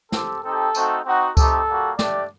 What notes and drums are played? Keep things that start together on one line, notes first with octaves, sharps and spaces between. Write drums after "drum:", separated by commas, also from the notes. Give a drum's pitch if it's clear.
C4 G4 A4, drum: snare
C4 D#4 G4 A4
A3 C4 D#4 F#4, drum: tambourine
C4 D#4 F#4
A3 C4 D#4 G4 A4, drum: kick C#2, tambourine
G3 A#3 F#4
A3 D4 G4 D5, drum: snare